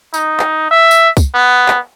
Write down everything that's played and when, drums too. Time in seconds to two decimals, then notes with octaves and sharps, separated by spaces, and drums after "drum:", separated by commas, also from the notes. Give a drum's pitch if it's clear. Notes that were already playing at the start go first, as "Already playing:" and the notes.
0.14 D#4, drum: tambourine
0.39 drum: clap
0.71 E5
0.91 drum: tambourine
1.17 drum: kick C2, tambourine
1.34 B3
1.68 drum: clap